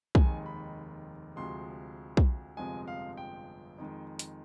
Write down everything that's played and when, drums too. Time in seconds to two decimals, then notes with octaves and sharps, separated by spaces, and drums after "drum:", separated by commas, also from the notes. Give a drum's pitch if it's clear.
0.15 F1 D#2 D#3 G#3 G#5, drum: kick
0.46 B5
1.36 D2 C3 F3 G#3 C6
2.17 drum: kick
2.57 G1 F2 C3 F3 G#3 G#5
2.88 F5
3.17 G5
3.78 F2 D#3 G#3
4.19 drum: hi-hat